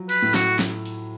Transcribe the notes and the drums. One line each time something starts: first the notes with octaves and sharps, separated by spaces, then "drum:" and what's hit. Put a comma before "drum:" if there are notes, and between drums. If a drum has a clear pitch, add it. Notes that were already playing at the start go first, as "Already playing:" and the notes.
Already playing: F3 F#3
B4, drum: cymbal
A2
F#4, drum: snare
drum: snare
drum: open hi-hat